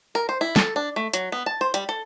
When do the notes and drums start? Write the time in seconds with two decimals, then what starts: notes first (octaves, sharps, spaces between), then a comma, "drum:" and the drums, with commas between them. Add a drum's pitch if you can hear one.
0.15 A#4
0.29 C5
0.41 E4
0.56 A4, drum: snare
0.76 D4
0.96 A3
1.13 F#3, drum: hi-hat
1.32 B3
1.46 A5
1.61 C5
1.74 G3, drum: hi-hat
1.89 A4